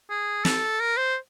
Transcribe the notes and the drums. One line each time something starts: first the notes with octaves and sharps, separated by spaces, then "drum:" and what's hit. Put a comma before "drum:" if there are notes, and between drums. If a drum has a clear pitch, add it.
G#4
A4, drum: snare
A#4
C5